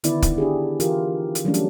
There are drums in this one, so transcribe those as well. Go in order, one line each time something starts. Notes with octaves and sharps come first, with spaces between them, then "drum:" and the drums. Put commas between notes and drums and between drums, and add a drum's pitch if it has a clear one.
D3 D#3 B3 E4 D5, drum: hi-hat
drum: kick, hi-hat
D4 G4 G#4
E3 F4 G4 A#4, drum: hi-hat
drum: hi-hat
E3 F#3 G3 A3 C#4 D4
drum: hi-hat